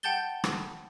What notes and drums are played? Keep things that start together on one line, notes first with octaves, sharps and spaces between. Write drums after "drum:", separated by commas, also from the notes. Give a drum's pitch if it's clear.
F#5 G5 A5 G6 A6 G7
drum: rim click